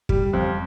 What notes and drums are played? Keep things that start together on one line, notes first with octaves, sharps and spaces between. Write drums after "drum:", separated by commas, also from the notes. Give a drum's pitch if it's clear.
G3, drum: kick
F2